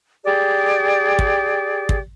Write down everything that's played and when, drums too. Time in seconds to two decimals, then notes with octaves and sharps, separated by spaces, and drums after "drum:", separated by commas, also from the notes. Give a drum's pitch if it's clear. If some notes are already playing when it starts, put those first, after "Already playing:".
0.25 G4 G#4 D5
1.19 drum: kick
1.89 drum: kick